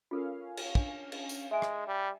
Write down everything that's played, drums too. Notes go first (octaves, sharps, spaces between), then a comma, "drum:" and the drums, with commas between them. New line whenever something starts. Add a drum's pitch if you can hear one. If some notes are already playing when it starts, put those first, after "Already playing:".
C#4 F4 A4 A#4 F5
drum: cymbal
D4, drum: kick
drum: cymbal
drum: tambourine
G#3 E5 G#5
drum: rim click
G3